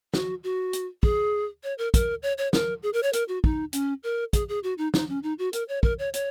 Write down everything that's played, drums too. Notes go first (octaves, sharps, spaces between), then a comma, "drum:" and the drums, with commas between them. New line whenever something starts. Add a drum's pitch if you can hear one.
F#4, drum: snare
F#4
drum: hi-hat
G#4, drum: kick
C#5
A#4
A#4, drum: kick, hi-hat
C#5
C#5
A#4, drum: snare
G#4
A#4
C#5
A#4, drum: hi-hat
F#4
D#4, drum: kick
C#4, drum: hi-hat
A#4
G#4, drum: kick, hi-hat
G#4
F#4
D#4
D#4, drum: snare
C#4
D#4
F#4
A#4, drum: hi-hat
C#5
A#4, drum: kick
C#5
C#5, drum: hi-hat